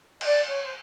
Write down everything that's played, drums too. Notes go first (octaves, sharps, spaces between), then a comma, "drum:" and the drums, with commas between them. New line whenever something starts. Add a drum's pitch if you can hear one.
D#5, drum: cymbal
D5
C#5
C5